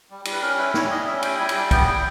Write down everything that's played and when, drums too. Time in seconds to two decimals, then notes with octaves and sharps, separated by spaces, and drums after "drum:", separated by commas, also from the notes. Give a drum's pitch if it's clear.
0.10 G3
0.25 G3, drum: cymbal
0.32 B4
0.41 C#4 A#4
0.58 E4 B4
0.74 G3 C#5, drum: snare
0.90 G3 D#5
1.06 C#4 E5
1.23 E4 G5, drum: cymbal
1.39 G3 G#5
1.49 E5, drum: cymbal
1.55 G3 G5
1.71 B3 G5, drum: kick, cymbal
1.87 E4